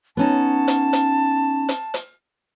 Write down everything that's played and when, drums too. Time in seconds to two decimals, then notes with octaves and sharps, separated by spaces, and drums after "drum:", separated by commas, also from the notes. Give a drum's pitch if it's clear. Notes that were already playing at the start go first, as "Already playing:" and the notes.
0.17 B3 C#4 D#4 A5
0.68 drum: hi-hat
0.93 drum: hi-hat
1.69 drum: hi-hat
1.94 drum: hi-hat